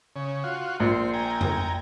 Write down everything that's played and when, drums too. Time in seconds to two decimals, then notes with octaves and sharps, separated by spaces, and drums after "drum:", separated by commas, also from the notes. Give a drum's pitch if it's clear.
0.16 C#3
0.44 F4 F#4
0.80 A#1 C5
1.14 G5 G#5 A#5
1.41 drum: tom F2